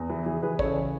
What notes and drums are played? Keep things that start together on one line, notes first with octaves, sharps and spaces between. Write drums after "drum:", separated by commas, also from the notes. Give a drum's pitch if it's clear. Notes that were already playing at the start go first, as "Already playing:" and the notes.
Already playing: E2
E3 G#4
E3 G#4
E3 G#4 B4
C#3 A4 C#5, drum: kick